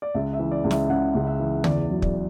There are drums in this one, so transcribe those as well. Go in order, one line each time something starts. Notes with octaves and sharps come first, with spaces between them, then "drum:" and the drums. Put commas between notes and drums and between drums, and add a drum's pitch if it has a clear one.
D5
C#2 E5
E5
E3
D5
C#2
E5, drum: snare
C#3 F#5
C#2
E5
E3
E2 D5, drum: tom
F#3
D5, drum: kick